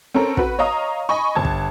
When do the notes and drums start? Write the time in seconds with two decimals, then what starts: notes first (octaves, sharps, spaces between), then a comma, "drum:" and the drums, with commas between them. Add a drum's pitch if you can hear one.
0.14 C4 C#4 A4 A#4
0.37 F#4 B4, drum: kick
0.59 C#5 D#5 F5 A#5 D#6
1.09 D#5 G#5 B5 C#6
1.35 G1 A5 G#6
1.45 drum: kick